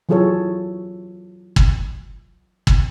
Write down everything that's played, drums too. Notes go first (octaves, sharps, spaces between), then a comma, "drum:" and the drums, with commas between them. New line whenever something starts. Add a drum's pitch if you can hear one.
E3 F#3 F4 G#4 A4 C#5
drum: kick
drum: kick